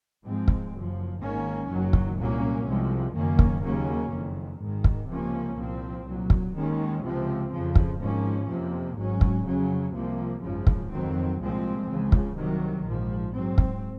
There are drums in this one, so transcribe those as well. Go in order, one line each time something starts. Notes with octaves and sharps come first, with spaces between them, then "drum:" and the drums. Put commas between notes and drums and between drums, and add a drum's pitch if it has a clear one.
G#2 F3 G#3 C4
drum: kick
F#1 F#2 F3
G#1 G#2 D#3 A#3 C#4
F#1 F#2 D#3 F#3
drum: kick
C2 A#2 F#3 A#3 C#4
C2 C3 F3 G#3
F#1 F#2 D#3 A#3 C#4
drum: kick
D#2 C#3 F#3 A#3 C#4
F#1 F2 D#3
G#1 G#2 D#3
drum: kick
C#2 C3 F3 A#3 C#4
C2 A#2 F3 C4
C2 A#2 F#3
drum: kick
D#2 D#3 G#3 C#4
C#2 C3 F3 C4
F2 C#3 F3
drum: kick
G#1 G#2 F3 A#3 C#4
F2 C3 F3 A#3
G#1 G#2 F#3 C#4
drum: kick
F2 C#3 F#3 C#4
C2 C3 F3 A#3
G#1 F#2 C#3 F3
drum: kick
F2 D#3 F#3 C4
C2 A#2 F3 G#3 C4
C#2 C#3 F3
drum: kick
C2 C3 D#3 F#3
A#1 G#2 F3
G#2 F#3 C4
drum: kick